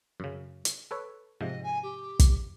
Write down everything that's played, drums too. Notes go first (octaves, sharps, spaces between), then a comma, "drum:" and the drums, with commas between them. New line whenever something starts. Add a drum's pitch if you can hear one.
F#2 C#3
drum: hi-hat
A4 B4 C#5
G#2 C3 F3 D#5
G#5
G4
drum: kick, hi-hat